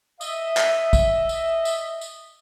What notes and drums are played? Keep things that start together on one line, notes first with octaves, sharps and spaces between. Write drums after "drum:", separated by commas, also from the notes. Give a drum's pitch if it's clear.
D#5 E5, drum: tambourine
drum: clap
drum: kick, tambourine
drum: tambourine
drum: tambourine
drum: tambourine